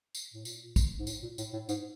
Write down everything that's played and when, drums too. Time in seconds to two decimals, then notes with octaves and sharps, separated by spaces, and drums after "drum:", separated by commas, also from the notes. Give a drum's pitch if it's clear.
0.15 drum: tambourine
0.34 A2
0.45 A#2, drum: tambourine
0.76 drum: kick, tambourine
0.99 G#2
1.07 A2, drum: tambourine
1.23 A#2
1.38 A2, drum: tambourine
1.53 A2
1.69 G#2, drum: tambourine